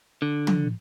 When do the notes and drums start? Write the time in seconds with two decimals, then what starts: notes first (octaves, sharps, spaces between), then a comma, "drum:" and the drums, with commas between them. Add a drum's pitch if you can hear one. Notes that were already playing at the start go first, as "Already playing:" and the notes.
0.22 D3
0.47 drum: tom